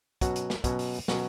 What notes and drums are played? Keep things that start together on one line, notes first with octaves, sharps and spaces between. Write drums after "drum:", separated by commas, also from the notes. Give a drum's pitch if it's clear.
B2 F#3 C#4 F#4, drum: kick, hi-hat
drum: hi-hat
drum: snare
B2 F#3 C#4 F#4, drum: kick, hi-hat
drum: open hi-hat
drum: open hi-hat
B2 F#3 C#4 F#4, drum: snare